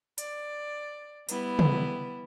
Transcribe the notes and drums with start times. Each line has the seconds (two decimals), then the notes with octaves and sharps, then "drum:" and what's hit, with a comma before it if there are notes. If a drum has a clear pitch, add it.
0.18 D5, drum: hi-hat
1.29 G3 B3 E4, drum: hi-hat
1.59 drum: tom